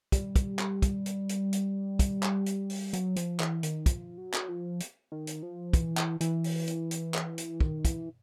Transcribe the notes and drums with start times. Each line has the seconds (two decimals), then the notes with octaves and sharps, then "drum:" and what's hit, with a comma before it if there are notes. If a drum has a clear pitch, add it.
0.12 G3, drum: kick, hi-hat
0.36 drum: kick, hi-hat
0.59 drum: clap
0.82 drum: kick, hi-hat
1.06 drum: hi-hat
1.29 drum: hi-hat
1.53 drum: hi-hat
1.99 drum: kick, hi-hat
2.23 drum: clap
2.46 drum: hi-hat
2.70 drum: open hi-hat
2.93 F#3, drum: hi-hat
3.16 F3, drum: hi-hat
3.40 E3, drum: clap
3.63 D#3, drum: hi-hat
3.86 F3, drum: kick, hi-hat
4.18 F#3
4.33 drum: clap
4.48 F3
4.80 drum: hi-hat
5.12 D#3
5.27 drum: hi-hat
5.43 F3
5.73 E3, drum: kick, hi-hat
5.97 drum: clap
6.21 E3, drum: hi-hat
6.44 drum: open hi-hat
6.67 drum: hi-hat
6.91 drum: hi-hat
7.14 drum: clap
7.38 drum: hi-hat
7.60 D#3, drum: kick
7.85 E3, drum: kick, hi-hat